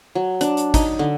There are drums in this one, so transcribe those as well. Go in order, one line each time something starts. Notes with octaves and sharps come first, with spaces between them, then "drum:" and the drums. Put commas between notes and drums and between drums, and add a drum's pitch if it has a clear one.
F#3
D4, drum: hi-hat
drum: hi-hat
D#4, drum: kick, hi-hat
D3